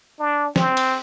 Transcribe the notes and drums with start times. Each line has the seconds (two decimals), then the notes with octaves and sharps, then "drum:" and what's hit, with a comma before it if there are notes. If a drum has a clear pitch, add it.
0.20 D4
0.56 C4, drum: snare
0.77 drum: cymbal